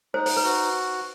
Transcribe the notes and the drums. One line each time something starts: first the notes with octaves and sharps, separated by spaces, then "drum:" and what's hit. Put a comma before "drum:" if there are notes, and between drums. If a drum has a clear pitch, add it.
D#4 C5
C5, drum: open hi-hat
B4
F#4